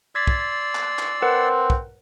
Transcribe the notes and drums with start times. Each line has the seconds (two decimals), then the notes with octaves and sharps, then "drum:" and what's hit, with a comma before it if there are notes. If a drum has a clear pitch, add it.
0.15 D5 C6 E6 G#6 A6 B6
0.27 drum: kick
0.75 drum: clap
0.99 drum: clap
1.22 C4 A#4 B4 F#5
1.70 drum: kick